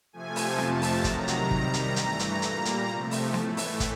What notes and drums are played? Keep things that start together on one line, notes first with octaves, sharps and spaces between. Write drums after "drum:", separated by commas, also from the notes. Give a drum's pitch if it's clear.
C3 F3 A3 G#5
drum: open hi-hat
F2 C3 F3 A3 A5, drum: snare
drum: open hi-hat
C3 D#3 F#3 A#5, drum: kick, hi-hat
drum: hi-hat
C3 D#3 G3, drum: kick
drum: hi-hat
G2 E3 A3, drum: hi-hat
drum: hi-hat
A#2 G3 A#3, drum: hi-hat
drum: hi-hat
C3 F3 A3
drum: open hi-hat
A2 E3 A3, drum: snare
drum: open hi-hat
drum: kick, hi-hat